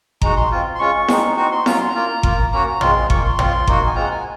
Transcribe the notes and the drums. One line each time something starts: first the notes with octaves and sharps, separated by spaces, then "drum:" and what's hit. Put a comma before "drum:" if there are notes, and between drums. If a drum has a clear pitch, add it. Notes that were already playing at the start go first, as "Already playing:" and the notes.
G#3 D#4 F#4 A#5, drum: kick G1
C6
C4 F4
C6
G#3 C#4 F4 C#6
G#3 C4 D#4, drum: snare E4
C4 D#4 F#4 C#6
C6
F#3 C#4 F4 A#5, drum: snare E4
C6
A#5
A#3 F4
A#3 F4, drum: kick G1
A#3 C#4 F#4 A#5
A#5
G#3 C4 F4 C6, drum: tom
A#3 F4 C#6, drum: kick G1
C6
C4 F4, drum: tom
A#3 D#4 F#4, drum: kick G1
G#5
G#3 C4 F4 A#5
F#5
G#5